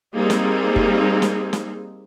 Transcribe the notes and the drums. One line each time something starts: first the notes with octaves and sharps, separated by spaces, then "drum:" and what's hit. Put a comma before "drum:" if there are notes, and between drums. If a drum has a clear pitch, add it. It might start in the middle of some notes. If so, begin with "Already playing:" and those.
G3 A#3 C4 D#4 G#4
drum: snare
drum: kick
drum: snare
drum: snare